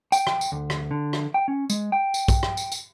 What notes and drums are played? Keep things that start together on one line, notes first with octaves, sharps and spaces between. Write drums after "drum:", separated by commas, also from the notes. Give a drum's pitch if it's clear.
G5, drum: tambourine
drum: rim click
drum: tambourine
D2
drum: rim click
D3
drum: rim click
G5
C#4
G#3, drum: tambourine
G5
drum: tambourine
drum: kick, tambourine
drum: rim click
drum: tambourine
drum: tambourine